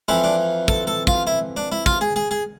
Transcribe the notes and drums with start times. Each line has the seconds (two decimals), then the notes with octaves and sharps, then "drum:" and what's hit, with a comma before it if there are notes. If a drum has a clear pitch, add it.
0.08 F2 E3 E4
0.24 D4
0.68 A4, drum: kick
0.87 A4
1.07 F4, drum: kick
1.27 E4
1.57 D4
1.72 E4
1.86 F4, drum: kick
2.01 G#4
2.16 G#4
2.31 G#4